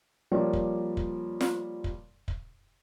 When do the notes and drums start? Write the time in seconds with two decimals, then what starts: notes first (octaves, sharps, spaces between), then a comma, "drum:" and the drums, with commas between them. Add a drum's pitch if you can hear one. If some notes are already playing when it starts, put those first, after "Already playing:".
0.32 F3 G3 A#3 C#5 D5
0.53 drum: kick
0.97 drum: kick
1.41 drum: snare
1.84 drum: kick
2.28 drum: kick